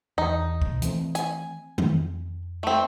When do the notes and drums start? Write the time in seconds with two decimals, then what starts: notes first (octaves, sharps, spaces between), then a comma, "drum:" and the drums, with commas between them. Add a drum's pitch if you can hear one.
0.18 E2 D#4
0.62 B1, drum: kick
0.82 E3 A3 C4, drum: hi-hat
1.15 G#5, drum: hi-hat
1.78 F2, drum: tom D#3
2.63 A3 C4